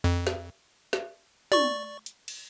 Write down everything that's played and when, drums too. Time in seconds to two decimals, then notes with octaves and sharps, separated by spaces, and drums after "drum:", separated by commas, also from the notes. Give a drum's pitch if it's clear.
0.04 F2
0.27 drum: snare
0.93 drum: snare
1.52 D5 C#6, drum: tom
2.06 drum: hi-hat
2.28 drum: cymbal